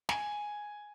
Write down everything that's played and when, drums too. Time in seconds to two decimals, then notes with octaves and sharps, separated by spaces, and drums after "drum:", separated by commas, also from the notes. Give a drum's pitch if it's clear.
0.09 G#5, drum: snare